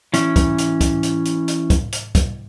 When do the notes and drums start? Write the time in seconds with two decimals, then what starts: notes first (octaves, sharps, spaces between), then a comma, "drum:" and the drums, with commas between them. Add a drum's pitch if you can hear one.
0.13 E3 C#4, drum: hi-hat
0.36 drum: kick, hi-hat
0.58 drum: hi-hat
0.81 drum: kick, hi-hat
1.03 drum: hi-hat
1.25 drum: hi-hat
1.48 drum: hi-hat
1.70 drum: kick, hi-hat
1.92 drum: hi-hat
2.15 drum: kick, hi-hat